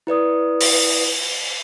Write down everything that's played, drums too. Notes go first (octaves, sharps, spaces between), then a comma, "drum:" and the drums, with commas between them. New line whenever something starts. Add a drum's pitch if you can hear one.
E4 B4 D5 D#6
drum: open hi-hat